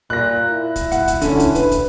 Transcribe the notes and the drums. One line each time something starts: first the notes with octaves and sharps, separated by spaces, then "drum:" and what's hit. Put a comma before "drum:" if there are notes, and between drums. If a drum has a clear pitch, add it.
A#2 F#6 A#6
E4
drum: kick, hi-hat
F#5, drum: hi-hat
drum: kick, hi-hat
D3 C#4, drum: hi-hat
drum: kick, hi-hat
B4, drum: hi-hat
drum: kick, hi-hat